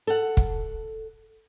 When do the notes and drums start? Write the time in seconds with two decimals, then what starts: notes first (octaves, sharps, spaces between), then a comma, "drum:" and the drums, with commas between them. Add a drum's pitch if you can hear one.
0.07 A4 F#5
0.37 drum: kick